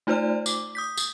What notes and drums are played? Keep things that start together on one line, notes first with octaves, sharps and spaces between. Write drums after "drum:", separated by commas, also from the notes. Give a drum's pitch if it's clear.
A3 D#4 F4 C5 D5 F6
D6, drum: tambourine
D#6 G6 B6
drum: tambourine